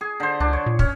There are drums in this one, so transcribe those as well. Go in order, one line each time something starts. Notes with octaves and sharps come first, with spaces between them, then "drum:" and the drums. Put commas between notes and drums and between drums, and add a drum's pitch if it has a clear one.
G#4
D3 C5
C#2 D4
C#5
A#2
C#4, drum: kick